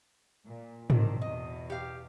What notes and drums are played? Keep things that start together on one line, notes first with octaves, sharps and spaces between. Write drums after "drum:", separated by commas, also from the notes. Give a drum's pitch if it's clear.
A#2
D3 D#3 C4, drum: tom G#2
E2 B2 D#5
G4 F5